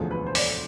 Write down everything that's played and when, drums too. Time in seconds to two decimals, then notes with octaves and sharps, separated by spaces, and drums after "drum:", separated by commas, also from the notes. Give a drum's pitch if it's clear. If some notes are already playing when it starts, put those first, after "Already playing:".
Already playing: E1 D2 D3 F3 G#4
0.11 B4
0.27 C5
0.35 D5, drum: open hi-hat